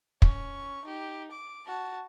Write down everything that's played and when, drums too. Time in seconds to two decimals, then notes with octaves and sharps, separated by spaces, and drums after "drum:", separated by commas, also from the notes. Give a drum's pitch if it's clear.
0.22 C#4 C#6, drum: kick
0.85 D#4 G4
1.31 D6
1.67 F#4 A5